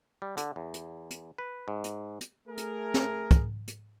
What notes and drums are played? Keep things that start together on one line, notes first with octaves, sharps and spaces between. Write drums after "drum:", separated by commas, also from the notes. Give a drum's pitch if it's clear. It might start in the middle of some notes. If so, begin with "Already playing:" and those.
G3
D3, drum: hi-hat
E2
drum: hi-hat
drum: hi-hat
B4
G#2
drum: hi-hat
drum: hi-hat
A3 G#4 A#4
drum: hi-hat
drum: snare
drum: kick, hi-hat
drum: hi-hat